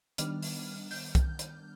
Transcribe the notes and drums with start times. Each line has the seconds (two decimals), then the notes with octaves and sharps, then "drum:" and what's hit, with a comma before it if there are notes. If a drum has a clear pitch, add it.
0.18 D#3 G3 B3 D4 F6, drum: hi-hat
0.43 drum: open hi-hat
0.91 G6, drum: open hi-hat
1.15 drum: kick C2, hi-hat
1.39 drum: hi-hat